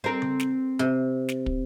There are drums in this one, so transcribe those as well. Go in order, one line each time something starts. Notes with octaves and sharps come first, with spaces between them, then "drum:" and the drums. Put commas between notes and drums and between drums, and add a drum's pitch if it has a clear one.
C4 A#4
drum: tom C#3
drum: snare
C3
drum: snare
drum: kick